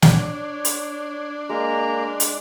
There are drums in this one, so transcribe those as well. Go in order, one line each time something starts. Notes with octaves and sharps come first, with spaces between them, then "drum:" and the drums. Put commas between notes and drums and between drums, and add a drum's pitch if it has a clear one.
D4 C#5, drum: snare
drum: hi-hat
G#3 A#3 A#5
drum: hi-hat